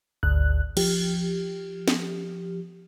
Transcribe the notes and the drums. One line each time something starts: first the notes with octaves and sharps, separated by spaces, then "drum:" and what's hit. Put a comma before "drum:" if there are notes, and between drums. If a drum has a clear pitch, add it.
G#1 D2 F#6
F3 G4, drum: cymbal
drum: snare